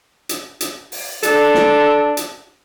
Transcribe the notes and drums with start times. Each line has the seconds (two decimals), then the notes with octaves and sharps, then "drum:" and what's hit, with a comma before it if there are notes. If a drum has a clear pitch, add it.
0.29 drum: hi-hat
0.60 drum: hi-hat
0.92 drum: open hi-hat
1.23 D4 A4, drum: hi-hat
1.54 drum: snare
2.17 drum: hi-hat